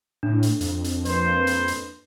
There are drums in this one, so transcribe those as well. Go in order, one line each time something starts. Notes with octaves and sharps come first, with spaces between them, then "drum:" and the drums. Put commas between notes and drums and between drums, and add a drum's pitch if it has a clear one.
A2 D4
drum: hi-hat
F2, drum: hi-hat
drum: hi-hat
A#3 B4 C5, drum: hi-hat
drum: hi-hat
drum: hi-hat